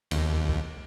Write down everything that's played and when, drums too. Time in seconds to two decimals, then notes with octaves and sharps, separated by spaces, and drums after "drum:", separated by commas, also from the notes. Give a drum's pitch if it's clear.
0.11 D#2, drum: cymbal
0.49 drum: kick